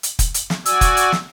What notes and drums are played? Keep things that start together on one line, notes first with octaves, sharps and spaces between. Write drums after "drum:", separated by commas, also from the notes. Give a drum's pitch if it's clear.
drum: hi-hat
drum: kick, hi-hat
drum: hi-hat
drum: snare
F#4 D5 G#5 E6, drum: hi-hat
drum: kick, hi-hat
drum: hi-hat
drum: snare